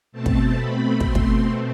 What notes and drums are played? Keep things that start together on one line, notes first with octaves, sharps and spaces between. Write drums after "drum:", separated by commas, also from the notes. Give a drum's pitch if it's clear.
B2 A3 C4 A5
drum: kick
B5
C6, drum: kick
drum: kick